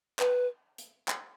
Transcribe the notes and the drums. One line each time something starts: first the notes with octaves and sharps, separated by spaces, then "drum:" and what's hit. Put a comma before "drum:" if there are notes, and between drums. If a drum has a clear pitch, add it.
B4, drum: clap
drum: hi-hat
drum: clap